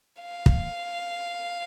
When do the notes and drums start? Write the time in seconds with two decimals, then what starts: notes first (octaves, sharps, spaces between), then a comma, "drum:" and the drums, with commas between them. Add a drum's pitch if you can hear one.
0.21 F5
0.46 drum: kick